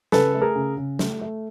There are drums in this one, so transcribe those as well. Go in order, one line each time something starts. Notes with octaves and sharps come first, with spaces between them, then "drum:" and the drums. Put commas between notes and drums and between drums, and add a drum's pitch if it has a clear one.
C#3 A4 B4, drum: snare
A3
G#4 A#4
C#3
C#3
A3, drum: snare
A3